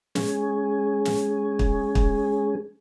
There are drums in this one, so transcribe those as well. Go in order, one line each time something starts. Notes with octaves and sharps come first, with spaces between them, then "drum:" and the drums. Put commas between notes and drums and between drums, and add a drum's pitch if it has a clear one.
G#3 C#4 G#4, drum: snare
drum: snare
drum: kick
drum: kick